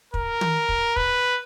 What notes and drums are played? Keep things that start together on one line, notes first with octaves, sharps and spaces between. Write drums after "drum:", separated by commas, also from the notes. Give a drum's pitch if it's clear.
A#4, drum: kick
drum: tom
drum: kick
B4, drum: kick